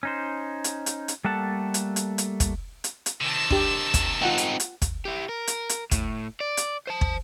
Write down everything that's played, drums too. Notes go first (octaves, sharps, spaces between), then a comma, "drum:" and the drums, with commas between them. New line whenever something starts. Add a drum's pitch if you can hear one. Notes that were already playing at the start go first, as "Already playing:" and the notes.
C#4 D#4 C5
drum: hi-hat
drum: hi-hat
drum: hi-hat
G3 A3 A#3 A4 F#5 A5
drum: hi-hat
drum: hi-hat
drum: hi-hat
drum: kick, hi-hat
drum: hi-hat
drum: hi-hat
C3 D#3 A5 E6
D4 G4, drum: kick
drum: kick, hi-hat
C4 D#4 F4 F#5 G5
drum: hi-hat
drum: hi-hat
drum: kick, hi-hat
E4 G4
A#4
drum: hi-hat
drum: hi-hat
A2, drum: kick, hi-hat
D5
drum: hi-hat
C5 A5
drum: kick